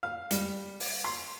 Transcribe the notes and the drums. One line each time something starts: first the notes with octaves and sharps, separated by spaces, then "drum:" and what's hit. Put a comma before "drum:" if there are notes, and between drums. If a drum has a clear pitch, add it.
F5
G3, drum: hi-hat
drum: open hi-hat
C6